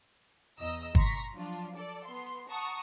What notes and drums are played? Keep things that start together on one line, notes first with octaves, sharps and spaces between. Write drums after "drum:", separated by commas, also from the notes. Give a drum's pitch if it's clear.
E2 D#5 A#5 E6
A#5 C6 C#6 A#6 B6, drum: kick
F3 F#3 D4 F4
A4 D5
B3 C6
F#5 A5 A#5 C#6 D#6